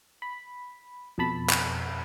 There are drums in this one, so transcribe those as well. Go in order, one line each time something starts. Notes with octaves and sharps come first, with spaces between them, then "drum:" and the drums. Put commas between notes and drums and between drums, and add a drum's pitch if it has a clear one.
B5
F2 B2 A5 B5
drum: clap